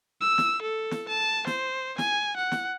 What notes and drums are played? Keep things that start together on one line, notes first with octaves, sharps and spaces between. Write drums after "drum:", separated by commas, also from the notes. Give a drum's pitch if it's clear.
E6
drum: snare
A4
drum: snare
A5
C5, drum: snare
G#5, drum: snare
F#5
drum: snare